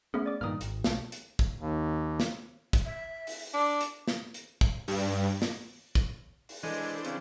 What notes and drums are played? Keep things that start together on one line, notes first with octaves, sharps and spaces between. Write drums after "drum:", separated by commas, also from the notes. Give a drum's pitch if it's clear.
A3 B3 C#4 G#4
D5 D6
G2 A#2 D#3 D#6 F6
G#1, drum: hi-hat
B1 A3, drum: snare
drum: hi-hat
drum: kick
D#2
drum: snare
drum: kick, hi-hat
E5
drum: open hi-hat
D4 D6
drum: hi-hat
drum: snare
drum: hi-hat
drum: kick
G2, drum: open hi-hat
drum: snare
drum: kick, hi-hat
drum: open hi-hat
E3 G#3 D4 A4 C5
C#3 C4, drum: hi-hat